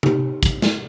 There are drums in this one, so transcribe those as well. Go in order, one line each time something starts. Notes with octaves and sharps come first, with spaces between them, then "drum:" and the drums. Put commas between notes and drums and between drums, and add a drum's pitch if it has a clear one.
D#4 G4, drum: tom C3
drum: kick, hi-hat
drum: snare